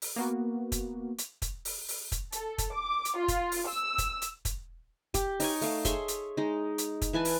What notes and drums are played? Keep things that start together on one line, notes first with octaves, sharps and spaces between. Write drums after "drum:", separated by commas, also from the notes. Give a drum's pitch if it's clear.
drum: open hi-hat
A#3 B3 F#4
drum: kick, hi-hat
drum: hi-hat
drum: kick, hi-hat
drum: open hi-hat
drum: open hi-hat
drum: kick, hi-hat
A4, drum: hi-hat
drum: kick, hi-hat
D6
drum: hi-hat
F4
drum: kick, hi-hat
drum: open hi-hat
E6
drum: kick, hi-hat
drum: hi-hat
drum: kick, hi-hat
G4, drum: kick, hi-hat
D#4 C#5 G#5, drum: open hi-hat
A3 F5, drum: open hi-hat
G#4 C#5 E5 C6, drum: kick, hi-hat
drum: hi-hat
G#3 D#4
drum: hi-hat
drum: kick, hi-hat
E3 B4 G#5 A5
drum: open hi-hat